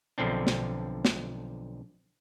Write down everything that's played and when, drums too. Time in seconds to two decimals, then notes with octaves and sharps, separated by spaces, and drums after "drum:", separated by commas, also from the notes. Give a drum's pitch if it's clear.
0.18 B1 D3 F3 C4 D4
0.47 drum: snare
1.05 drum: snare